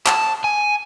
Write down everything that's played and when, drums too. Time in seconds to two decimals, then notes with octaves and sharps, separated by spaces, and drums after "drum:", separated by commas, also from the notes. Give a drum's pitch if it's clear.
0.06 A5, drum: clap
0.44 G#5